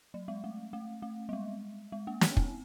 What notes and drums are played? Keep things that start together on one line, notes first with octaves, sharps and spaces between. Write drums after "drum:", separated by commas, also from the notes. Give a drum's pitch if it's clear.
F#3
G#3
A3
A3
A3
G3
G#3
G#3
A#3
B3, drum: snare
C4, drum: kick